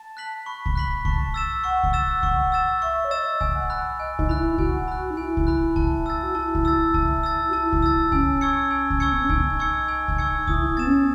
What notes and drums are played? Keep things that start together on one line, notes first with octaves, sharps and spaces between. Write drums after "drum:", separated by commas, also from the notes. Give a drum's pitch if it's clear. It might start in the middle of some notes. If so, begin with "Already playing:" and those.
Already playing: A5
F#6 B6 F#7
B5 C#6
drum: kick C2
F#6 B6 F#7
A5 C#6, drum: kick C2
E6 A6 E7
F#5 C#6
drum: kick C2
E6 A6 E7
C#6, drum: kick C2
E6 A6 E7
E5 C#6
C#5
D#5 E6 A6 E7
D#5 G#5, drum: kick C2
F#5
F#5 B5 F#6
D#5 G#5
D#4, drum: kick C2
E4 B5 F#6
F#4 G#5, drum: kick C2
B5 F#6
D#4
E4 G#5
drum: kick C2
B5 F#6
A5, drum: kick C2
E6 A6
F#4
E4 A5
drum: kick C2
E6 A6
A5, drum: kick C2
E6 A6
F#4
E4 A5
drum: kick C2
E6 A6
C#4 G#5, drum: kick C2
C#6 E6 G#6 C#7
G#5
drum: kick C2
C#6 E6 G#6 C#7
B3
C#4
D#4 G#5, drum: kick C2
C#6 E6 G#6 C#7
G#5
drum: kick C2
C#6 E6 G#6 C#7
E4 D#6, drum: kick C2
B3 A6 E7
C#4